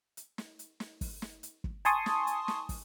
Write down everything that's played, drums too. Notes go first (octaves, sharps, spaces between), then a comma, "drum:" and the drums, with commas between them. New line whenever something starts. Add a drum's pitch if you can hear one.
drum: hi-hat
drum: snare
drum: hi-hat
drum: snare
drum: kick, open hi-hat
drum: snare
drum: hi-hat
drum: kick
G#5 A5 C6 C#6 D#6, drum: hi-hat
drum: snare
drum: hi-hat
drum: snare
drum: kick, open hi-hat